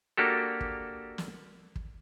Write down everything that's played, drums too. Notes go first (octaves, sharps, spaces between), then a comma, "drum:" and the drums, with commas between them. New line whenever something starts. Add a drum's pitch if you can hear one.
A#3 D4 F#4 G4 A4
drum: kick
drum: snare
drum: kick